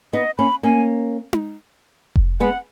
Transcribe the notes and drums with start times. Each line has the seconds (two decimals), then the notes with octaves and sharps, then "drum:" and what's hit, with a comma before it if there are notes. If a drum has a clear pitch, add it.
0.13 B3 D#4 D#5
0.38 A#3 C#4 B5
0.63 A#3 C#4 G#5
1.33 drum: tom D#4
2.16 drum: kick F1
2.40 G#3 B3 F#5